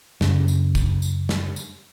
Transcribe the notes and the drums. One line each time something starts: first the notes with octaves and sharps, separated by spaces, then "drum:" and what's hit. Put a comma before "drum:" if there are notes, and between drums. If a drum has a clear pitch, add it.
F#2 C#3, drum: snare
drum: tambourine
drum: kick, tambourine
drum: tambourine
drum: snare
drum: tambourine